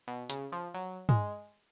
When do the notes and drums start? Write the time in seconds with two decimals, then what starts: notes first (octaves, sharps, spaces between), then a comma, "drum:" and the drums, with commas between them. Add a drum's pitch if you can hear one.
0.08 B2
0.30 C#3, drum: hi-hat
0.52 F3
0.74 F#3
1.09 G#3, drum: tom